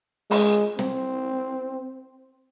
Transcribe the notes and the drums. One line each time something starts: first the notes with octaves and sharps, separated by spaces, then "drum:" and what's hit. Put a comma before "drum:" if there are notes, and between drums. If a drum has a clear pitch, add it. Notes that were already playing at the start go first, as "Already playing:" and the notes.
G#3, drum: open hi-hat
C4, drum: snare